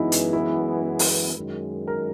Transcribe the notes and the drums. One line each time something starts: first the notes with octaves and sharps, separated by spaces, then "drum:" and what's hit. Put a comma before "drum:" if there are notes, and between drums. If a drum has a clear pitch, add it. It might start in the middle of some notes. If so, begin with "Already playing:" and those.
Already playing: F#2 E3 G#3 B3 D#4 E4
drum: hi-hat
E4
drum: open hi-hat
F#2 D#3 G#3
A#4